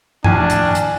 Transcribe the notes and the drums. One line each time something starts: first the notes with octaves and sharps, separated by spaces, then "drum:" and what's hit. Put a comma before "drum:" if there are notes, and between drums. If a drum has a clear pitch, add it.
A#1 D#2 A2 D4 G#5, drum: tom F#2
drum: hi-hat
drum: hi-hat